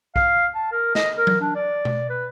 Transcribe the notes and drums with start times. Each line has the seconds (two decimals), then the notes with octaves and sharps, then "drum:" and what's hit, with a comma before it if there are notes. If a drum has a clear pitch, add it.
0.16 F5, drum: kick
0.55 A5
0.72 A#4
0.95 D#5, drum: snare
1.18 A#4
1.27 drum: tom F#3
1.41 D4
1.55 D5
1.85 drum: tom B2
2.09 B4